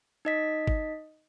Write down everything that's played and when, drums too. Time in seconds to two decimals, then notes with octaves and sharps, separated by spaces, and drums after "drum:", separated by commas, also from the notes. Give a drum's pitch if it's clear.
0.25 D#4 D#5 B6
0.67 drum: kick G1